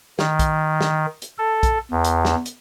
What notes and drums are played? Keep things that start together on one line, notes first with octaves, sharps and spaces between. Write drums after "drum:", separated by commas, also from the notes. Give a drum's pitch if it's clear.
D#3, drum: snare
drum: kick A#1, hi-hat
drum: snare
drum: hi-hat
A4
drum: kick A#1, hi-hat
E2
drum: hi-hat
drum: snare
drum: hi-hat